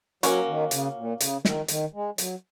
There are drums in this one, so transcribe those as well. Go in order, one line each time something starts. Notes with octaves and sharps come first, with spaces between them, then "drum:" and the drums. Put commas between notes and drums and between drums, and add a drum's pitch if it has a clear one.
F#3 A#3 C#4 F#4, drum: hi-hat
D#3
C#3, drum: hi-hat
A#2
C#3, drum: hi-hat
D#3, drum: snare
D#3, drum: hi-hat
G#3
F#3, drum: hi-hat